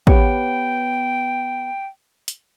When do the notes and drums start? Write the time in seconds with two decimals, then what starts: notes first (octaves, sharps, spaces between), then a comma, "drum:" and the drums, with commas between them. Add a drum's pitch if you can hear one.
0.07 B3 G4 C#5 G5, drum: kick
2.28 drum: hi-hat